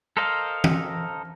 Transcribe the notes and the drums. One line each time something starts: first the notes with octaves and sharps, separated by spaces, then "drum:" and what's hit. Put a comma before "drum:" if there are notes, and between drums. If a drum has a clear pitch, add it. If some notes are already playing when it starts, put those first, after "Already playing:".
A4 A#4 C5 D#5 F5
drum: tom E3